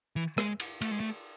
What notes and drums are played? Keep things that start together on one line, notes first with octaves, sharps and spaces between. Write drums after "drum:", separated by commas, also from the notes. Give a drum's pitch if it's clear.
E3
G#3, drum: rim click
drum: cymbal
A3, drum: cymbal
G#3
A3